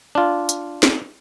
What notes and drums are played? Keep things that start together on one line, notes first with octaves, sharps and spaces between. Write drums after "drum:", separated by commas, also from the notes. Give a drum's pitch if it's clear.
D4 F4
drum: hi-hat
drum: snare